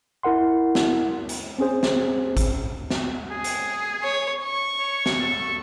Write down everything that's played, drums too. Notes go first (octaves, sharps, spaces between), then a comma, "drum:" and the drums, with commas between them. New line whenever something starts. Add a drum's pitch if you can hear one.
E4 A#4 F#5 C6
drum: snare
drum: hi-hat
C4 C#4 G#4 C5
drum: snare
drum: kick A1, hi-hat
drum: snare
G#4
drum: hi-hat
C#5
C#6
C#5
drum: snare
A4